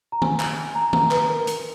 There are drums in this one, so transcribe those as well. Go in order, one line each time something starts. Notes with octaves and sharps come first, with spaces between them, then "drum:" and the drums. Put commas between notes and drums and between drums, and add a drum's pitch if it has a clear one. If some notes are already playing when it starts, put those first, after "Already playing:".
A#5
G#5, drum: tom D#3
drum: clap
A#5
A#5, drum: tom D#3
B4, drum: clap
A#4
drum: hi-hat